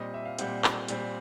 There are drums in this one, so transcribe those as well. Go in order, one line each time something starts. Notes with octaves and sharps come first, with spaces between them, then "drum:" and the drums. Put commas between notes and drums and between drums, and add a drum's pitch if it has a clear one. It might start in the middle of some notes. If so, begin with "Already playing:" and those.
Already playing: A#2 G3 C4 D#5
E5
F5
A#2 G3 C4 F#5, drum: hi-hat
G5, drum: clap
A#2 G3 C4, drum: hi-hat